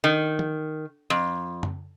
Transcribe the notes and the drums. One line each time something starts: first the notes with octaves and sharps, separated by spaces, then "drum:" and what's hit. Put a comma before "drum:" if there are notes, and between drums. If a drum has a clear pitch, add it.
D#3
drum: tom E3
F2
drum: tom F#2